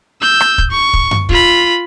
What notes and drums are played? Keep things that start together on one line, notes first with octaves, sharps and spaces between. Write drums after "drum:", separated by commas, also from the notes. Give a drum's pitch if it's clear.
E6 G6
drum: rim click
drum: kick
C#6
drum: kick
drum: tom F#2
F4 B5, drum: kick